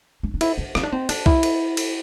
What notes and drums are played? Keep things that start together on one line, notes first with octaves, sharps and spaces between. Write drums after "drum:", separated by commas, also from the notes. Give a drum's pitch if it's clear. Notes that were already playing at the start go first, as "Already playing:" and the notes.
D4
D4
E4, drum: cymbal
D4
C4, drum: rim click
D4
C4
D4, drum: cymbal
E4, drum: kick C2
drum: cymbal
drum: cymbal